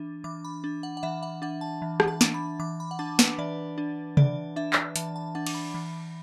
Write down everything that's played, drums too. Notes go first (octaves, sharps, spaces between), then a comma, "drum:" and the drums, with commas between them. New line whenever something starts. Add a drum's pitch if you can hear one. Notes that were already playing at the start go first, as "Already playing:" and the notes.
Already playing: E3 D4
E3 D6
B5
D4
F#5
F#5
E3 E5
F#5
D4 F#5
A5
E3
F#5, drum: rim click
A5
D4, drum: snare
B5
E3 D6
B5
F#5
D4 A5
B4, drum: snare
E3 D5
D4
E3 D5, drum: tom C3
D4 E5
drum: clap
E3 A5, drum: hi-hat
A5
D4 F#5
D6, drum: cymbal
B5
E3